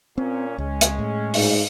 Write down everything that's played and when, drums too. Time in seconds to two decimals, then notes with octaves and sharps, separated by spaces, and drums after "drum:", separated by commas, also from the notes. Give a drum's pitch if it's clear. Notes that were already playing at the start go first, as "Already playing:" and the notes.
0.18 A#2 C4 C#4
0.58 C#2 G#3 C#4
0.81 drum: hi-hat
0.99 A2
1.34 G#2, drum: open hi-hat